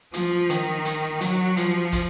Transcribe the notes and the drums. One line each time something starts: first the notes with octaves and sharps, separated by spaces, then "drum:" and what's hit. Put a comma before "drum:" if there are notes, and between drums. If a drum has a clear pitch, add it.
F3, drum: hi-hat
D#3, drum: hi-hat
drum: hi-hat
F#3, drum: hi-hat
F3, drum: hi-hat
drum: kick, hi-hat